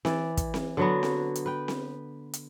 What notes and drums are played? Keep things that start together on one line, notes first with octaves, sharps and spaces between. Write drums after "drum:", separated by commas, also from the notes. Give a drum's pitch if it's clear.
E3 D5, drum: snare C4
drum: kick, hi-hat
drum: snare C4
D3 F#3 B3
drum: snare C4
drum: hi-hat
B4 G5
drum: snare C4
drum: hi-hat